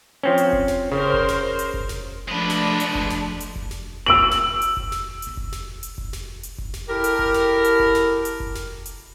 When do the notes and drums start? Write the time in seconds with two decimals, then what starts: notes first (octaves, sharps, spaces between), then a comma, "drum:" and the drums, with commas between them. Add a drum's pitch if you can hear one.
0.23 F3 C4 C#4
0.38 drum: hi-hat
0.53 drum: kick F1
0.68 drum: snare
0.92 C#3 A#4 C5
1.13 drum: kick F1
1.28 drum: snare
1.59 drum: hi-hat
1.74 drum: kick F1
1.89 drum: snare
2.28 F3 G#3 A3 D4 B4
2.50 drum: snare
2.80 drum: hi-hat
2.95 drum: kick F1
3.10 drum: snare
3.40 drum: hi-hat
3.56 drum: kick F1
3.71 drum: snare
4.06 E6 D7 F#7
4.16 drum: kick F1
4.31 drum: snare
4.62 drum: hi-hat
4.77 drum: kick F1
4.92 drum: snare
5.22 drum: hi-hat
5.37 drum: kick F1
5.52 drum: snare
5.83 drum: hi-hat
5.98 drum: kick F1
6.13 drum: snare
6.43 drum: hi-hat
6.58 drum: kick F1
6.74 drum: snare
6.89 E4 G4 A4 A#4
7.04 drum: hi-hat
7.19 drum: kick F1
7.34 drum: snare
7.64 drum: hi-hat
7.80 drum: kick F1
7.95 drum: snare
8.25 drum: hi-hat
8.40 drum: kick F1
8.55 drum: snare
8.86 drum: hi-hat